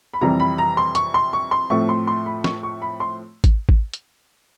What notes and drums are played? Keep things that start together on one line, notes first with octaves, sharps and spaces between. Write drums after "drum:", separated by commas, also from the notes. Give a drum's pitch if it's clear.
B5
F2 C3 E3 G3 A#5
B5
A#5
C6
C#6, drum: hi-hat
C6
C#6
C6
A2 F3 A3 C4 C#6
C6
C6
B5
C#6, drum: snare
C#6
B5
C6
drum: kick G#1, hi-hat
drum: kick G#1
drum: hi-hat